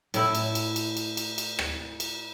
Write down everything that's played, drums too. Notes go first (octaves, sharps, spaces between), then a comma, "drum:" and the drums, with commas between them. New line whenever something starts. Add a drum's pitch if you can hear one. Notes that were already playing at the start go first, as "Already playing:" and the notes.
A2 E4, drum: cymbal
drum: cymbal
drum: cymbal
drum: cymbal
drum: cymbal
drum: cymbal
drum: cymbal
drum: rim click
drum: cymbal